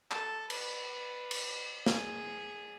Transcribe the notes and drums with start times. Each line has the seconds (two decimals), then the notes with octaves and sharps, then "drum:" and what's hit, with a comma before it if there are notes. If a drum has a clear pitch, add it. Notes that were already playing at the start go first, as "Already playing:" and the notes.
0.11 A4, drum: clap
0.50 B4, drum: cymbal
1.31 drum: cymbal
1.86 G#4, drum: snare